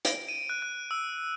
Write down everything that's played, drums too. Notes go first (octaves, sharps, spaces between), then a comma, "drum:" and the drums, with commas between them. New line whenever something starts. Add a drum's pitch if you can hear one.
D7, drum: hi-hat
D#7
F#6
F#6
E6